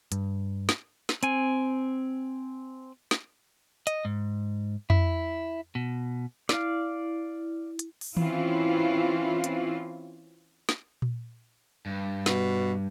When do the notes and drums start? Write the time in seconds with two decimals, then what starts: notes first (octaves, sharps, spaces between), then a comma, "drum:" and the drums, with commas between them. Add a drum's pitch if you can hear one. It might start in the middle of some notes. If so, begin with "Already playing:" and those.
0.12 G2, drum: hi-hat
0.69 drum: snare
1.09 drum: snare
1.23 C4 G#5, drum: hi-hat
3.11 drum: snare
3.87 D#5, drum: hi-hat
4.05 G#2
4.90 E4, drum: tom F2
5.75 B2
6.49 E4 D5 F5, drum: snare
7.79 drum: hi-hat
8.01 drum: open hi-hat
8.17 E3 C4 C#4 E4 F4, drum: tom D#3
9.44 drum: hi-hat
10.69 drum: snare
11.02 drum: tom A#2
11.86 G2
12.26 B2, drum: snare